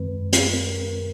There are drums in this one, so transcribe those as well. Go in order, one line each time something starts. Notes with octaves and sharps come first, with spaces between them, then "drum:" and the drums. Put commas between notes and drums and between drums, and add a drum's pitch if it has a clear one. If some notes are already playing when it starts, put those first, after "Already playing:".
Already playing: F#2 D#3 G#3 C4 B4
drum: hi-hat
A#4